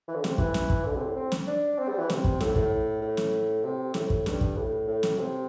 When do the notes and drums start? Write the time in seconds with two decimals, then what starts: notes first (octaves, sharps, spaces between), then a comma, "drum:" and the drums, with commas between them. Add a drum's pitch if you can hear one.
0.08 E3
0.15 D3
0.24 C3, drum: snare
0.38 E3, drum: kick
0.54 drum: snare
0.70 drum: kick
0.85 D3
0.96 C3
1.05 A2
1.16 C4
1.32 drum: snare
1.47 D4
1.78 C4
1.88 G3
1.99 E3
2.10 C3, drum: snare
2.24 drum: kick
2.40 A2, drum: snare
2.56 A2, drum: kick
3.01 A2
3.17 drum: snare
3.64 C3
3.94 A2, drum: snare
4.10 drum: kick
4.26 G2, drum: snare
4.41 drum: kick
4.56 A2
4.88 A2
5.03 drum: snare
5.18 C3